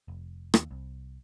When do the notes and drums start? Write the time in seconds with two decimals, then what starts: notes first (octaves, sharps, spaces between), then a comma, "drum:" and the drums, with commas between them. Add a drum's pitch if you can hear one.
0.08 F1
0.54 D#2, drum: rim click
0.71 C2